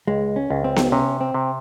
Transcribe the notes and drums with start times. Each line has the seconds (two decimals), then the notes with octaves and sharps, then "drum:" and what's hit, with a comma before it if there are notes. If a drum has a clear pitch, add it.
0.08 C#2 G#3
0.36 C#4
0.50 C#2
0.64 C4
0.76 drum: snare B3
0.92 C3 C#4
1.21 C4
1.34 C3